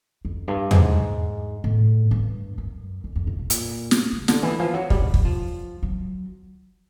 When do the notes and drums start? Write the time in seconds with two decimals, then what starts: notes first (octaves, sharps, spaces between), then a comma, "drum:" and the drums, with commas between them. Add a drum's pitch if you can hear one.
0.25 F2
0.48 G2
0.71 G#2, drum: tom E2
1.64 A2
2.11 G2
2.58 F#2
3.04 F2
3.16 F2
3.27 A#2
3.39 B2
3.50 A#2, drum: hi-hat
3.91 drum: snare
4.12 C#3
4.28 D3, drum: snare
4.43 E3
4.59 F3
4.74 F#3
4.90 G3, drum: kick
5.02 G3
5.14 F#3, drum: kick
5.25 F3
5.83 F#3